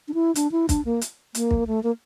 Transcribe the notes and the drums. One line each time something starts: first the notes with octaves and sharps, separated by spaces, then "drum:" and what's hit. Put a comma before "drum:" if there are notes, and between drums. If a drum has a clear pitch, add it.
D4
E4
D4, drum: hi-hat
E4
D4, drum: kick, hi-hat
A#3
drum: hi-hat
A#3, drum: hi-hat
drum: kick
A3
A#3